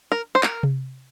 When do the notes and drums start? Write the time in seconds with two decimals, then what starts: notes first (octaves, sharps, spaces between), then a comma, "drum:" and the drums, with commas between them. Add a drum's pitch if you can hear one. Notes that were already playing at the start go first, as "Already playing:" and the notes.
0.12 A#4
0.35 C5
0.43 A#4, drum: clap
0.63 drum: tom C3